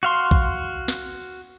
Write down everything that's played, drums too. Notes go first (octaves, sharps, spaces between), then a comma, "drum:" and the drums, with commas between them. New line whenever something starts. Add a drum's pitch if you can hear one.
F#4 F5 C6
drum: kick A#1
drum: snare